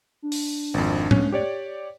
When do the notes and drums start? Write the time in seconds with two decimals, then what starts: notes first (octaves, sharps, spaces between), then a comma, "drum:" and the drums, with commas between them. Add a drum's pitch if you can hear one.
0.22 D4
0.32 drum: open hi-hat
0.74 G#1 F2
1.11 C#4, drum: tom A2
1.32 G4 C#5 D5